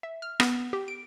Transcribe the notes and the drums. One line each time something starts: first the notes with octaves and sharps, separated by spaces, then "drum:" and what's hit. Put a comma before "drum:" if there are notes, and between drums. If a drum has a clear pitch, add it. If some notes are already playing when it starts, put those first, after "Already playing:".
E5
F6
B3, drum: rim click
G4
D7